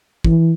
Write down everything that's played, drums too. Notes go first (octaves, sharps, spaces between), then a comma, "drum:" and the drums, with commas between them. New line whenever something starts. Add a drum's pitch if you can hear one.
E3, drum: kick